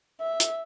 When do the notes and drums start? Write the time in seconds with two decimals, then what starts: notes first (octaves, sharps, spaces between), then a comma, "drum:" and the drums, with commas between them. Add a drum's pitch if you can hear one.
0.20 E5
0.40 drum: hi-hat